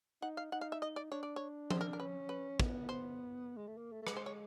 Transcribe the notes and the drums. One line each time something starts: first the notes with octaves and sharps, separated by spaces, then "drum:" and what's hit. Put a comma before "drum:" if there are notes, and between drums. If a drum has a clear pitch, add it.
D#4 F#5
F5
D#4 F#5
F5
E5
D#5
D5
D4 C#5
D5
C#5
C5, drum: tom F3
A#4
A#4
C#4 B4
B4
B3, drum: kick
C5
G#3
A3
A#3
A3
A3
G#3 B4, drum: rim click
C5
C#5